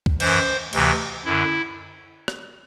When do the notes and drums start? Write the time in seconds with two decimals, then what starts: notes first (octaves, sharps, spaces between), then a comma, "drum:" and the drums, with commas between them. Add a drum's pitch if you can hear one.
0.06 drum: kick C#2
0.20 F#2 E3 C5, drum: cymbal
0.73 D2 C3 E3, drum: cymbal
1.25 F#2 D3 E4
2.28 drum: rim click